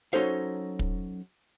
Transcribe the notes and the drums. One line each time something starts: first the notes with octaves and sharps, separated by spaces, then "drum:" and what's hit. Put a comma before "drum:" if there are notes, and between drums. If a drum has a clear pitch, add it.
F#3 C#4 D#4 A4 C5 F5
drum: kick